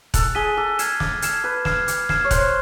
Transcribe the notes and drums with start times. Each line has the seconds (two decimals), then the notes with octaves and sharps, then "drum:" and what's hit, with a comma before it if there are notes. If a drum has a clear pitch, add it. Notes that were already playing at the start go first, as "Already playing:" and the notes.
0.14 A4 F#6, drum: kick E1, hi-hat
0.35 G#4 B6 D#7 G7
0.57 A4 D6
0.79 F6 G#6 C7 E7, drum: hi-hat
1.00 D6, drum: snare
1.22 F6 G#6 C7 E7, drum: hi-hat
1.43 B4 D6
1.65 F6 G#6 C7 E7, drum: snare
1.88 D6, drum: hi-hat
2.09 F6 G#6 C7 E7, drum: snare
2.24 C#5
2.31 C5 F#6, drum: kick E1, hi-hat